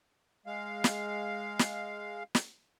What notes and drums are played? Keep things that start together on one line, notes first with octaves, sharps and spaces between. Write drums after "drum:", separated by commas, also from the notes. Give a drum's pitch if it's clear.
G#3 F5
drum: snare
drum: snare
drum: snare